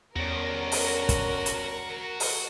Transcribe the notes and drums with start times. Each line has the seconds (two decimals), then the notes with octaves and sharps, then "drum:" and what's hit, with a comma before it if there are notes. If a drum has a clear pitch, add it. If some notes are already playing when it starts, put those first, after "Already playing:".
0.16 E2 D3 G3 C#4 F#4 A#4 D5
0.72 drum: open hi-hat
1.09 drum: kick, hi-hat
1.46 drum: hi-hat
2.20 drum: open hi-hat